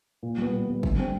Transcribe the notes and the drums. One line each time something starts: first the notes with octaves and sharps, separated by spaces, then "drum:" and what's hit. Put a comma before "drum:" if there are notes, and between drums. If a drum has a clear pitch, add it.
A#2
G3 B3
A#2
G3 B3
D3, drum: kick
G3 C4